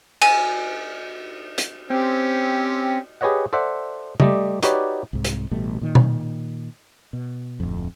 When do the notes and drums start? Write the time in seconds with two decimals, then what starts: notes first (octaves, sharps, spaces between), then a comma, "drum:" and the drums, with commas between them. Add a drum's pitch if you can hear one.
0.22 G#5, drum: cymbal
1.58 drum: hi-hat
1.90 C4 C#4 G4
3.21 G4 G#4 B4 C#5 D#5 F#5
3.53 A4 C5 D5 E5 F#5
4.20 G3 A3 G4 D5 D#5, drum: tom C#3
4.63 D#4 F#4 G4 B4 C#5 D5, drum: hi-hat
5.13 C2 G#2
5.24 drum: hi-hat
5.51 A1 B2 G3 A3
5.81 A#2 D#3
5.95 drum: tom B2
7.13 B2
7.60 D1 F2